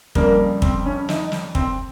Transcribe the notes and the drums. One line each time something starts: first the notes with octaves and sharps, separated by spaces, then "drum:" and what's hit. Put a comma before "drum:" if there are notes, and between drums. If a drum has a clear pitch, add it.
F2 C#3 G3 A#3, drum: kick
C4, drum: kick
C#4
D#4, drum: snare
drum: snare
C4, drum: kick